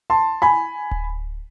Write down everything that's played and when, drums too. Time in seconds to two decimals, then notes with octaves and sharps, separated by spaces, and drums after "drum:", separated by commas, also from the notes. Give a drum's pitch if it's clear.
0.10 A5 C6
0.42 G#5 B5
0.91 drum: kick D1